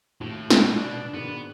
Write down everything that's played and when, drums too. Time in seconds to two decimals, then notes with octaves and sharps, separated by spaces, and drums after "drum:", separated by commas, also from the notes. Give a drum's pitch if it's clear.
0.21 D#2 A2
0.50 drum: snare
0.72 B2 D4
1.14 G#2 B2 D#3 B3